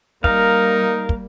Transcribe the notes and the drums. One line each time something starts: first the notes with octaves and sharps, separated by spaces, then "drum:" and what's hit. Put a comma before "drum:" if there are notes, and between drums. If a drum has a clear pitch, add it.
G3 A#3 D#4 A#4 F5, drum: kick
drum: kick